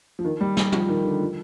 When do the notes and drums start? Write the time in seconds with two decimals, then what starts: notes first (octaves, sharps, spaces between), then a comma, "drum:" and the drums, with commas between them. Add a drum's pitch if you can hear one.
0.19 F3
0.25 D#3
0.41 G3
0.57 G3, drum: snare
0.72 F3, drum: tom
0.89 D#3
1.05 D3
1.21 F3